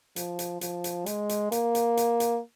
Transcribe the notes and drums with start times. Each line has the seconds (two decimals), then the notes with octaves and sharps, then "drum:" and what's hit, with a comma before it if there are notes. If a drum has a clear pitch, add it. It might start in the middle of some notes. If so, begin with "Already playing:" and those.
0.16 F3, drum: hi-hat
0.39 drum: hi-hat
0.61 F3, drum: hi-hat
0.84 drum: hi-hat
1.06 G#3, drum: hi-hat
1.29 drum: hi-hat
1.52 A#3, drum: hi-hat
1.75 drum: hi-hat
1.97 drum: hi-hat
2.20 drum: hi-hat